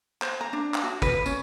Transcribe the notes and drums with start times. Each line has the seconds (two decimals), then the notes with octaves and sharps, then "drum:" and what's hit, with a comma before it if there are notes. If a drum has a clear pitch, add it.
0.22 C5, drum: clap
0.41 A#5
0.53 D4
0.74 drum: clap
0.84 F#4
1.02 B4, drum: kick, tambourine
1.26 C#4, drum: tambourine